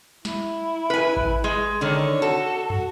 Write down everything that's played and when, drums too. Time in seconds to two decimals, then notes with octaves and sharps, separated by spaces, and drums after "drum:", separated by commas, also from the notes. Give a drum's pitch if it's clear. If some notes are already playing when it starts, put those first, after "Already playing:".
0.25 E4, drum: snare
0.90 B4 G#5
1.16 drum: kick G#1
1.44 G#3
1.81 D3 D#3 C#5
2.22 F#4 A4
2.70 F#4, drum: tom